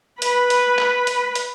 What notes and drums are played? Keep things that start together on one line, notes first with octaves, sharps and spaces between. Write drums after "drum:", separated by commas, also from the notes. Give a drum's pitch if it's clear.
B4 B5, drum: hi-hat
drum: hi-hat
drum: clap
drum: hi-hat
drum: hi-hat